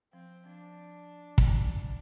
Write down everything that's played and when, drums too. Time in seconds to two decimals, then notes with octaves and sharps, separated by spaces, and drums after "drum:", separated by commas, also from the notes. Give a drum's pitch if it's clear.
0.13 F3 C4
0.46 F3 D4
1.38 drum: kick